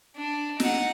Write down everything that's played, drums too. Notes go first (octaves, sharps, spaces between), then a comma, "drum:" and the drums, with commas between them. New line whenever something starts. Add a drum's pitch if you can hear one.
D4
D#4 F#5, drum: snare